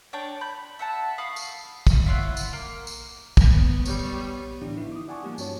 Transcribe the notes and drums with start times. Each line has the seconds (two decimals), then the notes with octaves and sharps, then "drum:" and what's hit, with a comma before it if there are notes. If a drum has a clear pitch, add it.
0.13 D4 C#5 G5
0.41 B5 G6
0.79 E5 F#5 A5
1.18 F5 B5 C#6 D#6
1.36 drum: tambourine
1.87 drum: kick, tambourine
2.06 E4 F4 C#5 F#5
2.37 drum: tambourine
2.53 A#3
2.87 drum: tambourine
3.37 drum: kick, tambourine
3.48 B3
3.85 G3 C#5, drum: tambourine
4.61 A2 D3 E3 D4 G4
4.77 F3 B3 D#4 E4
4.92 D6 D#6
5.08 D5 F#5 G#5 A5 C#6 D6
5.24 F3 G3 A#3 D#4 G4
5.38 G2 C#4 F#4 C#5 A5, drum: tambourine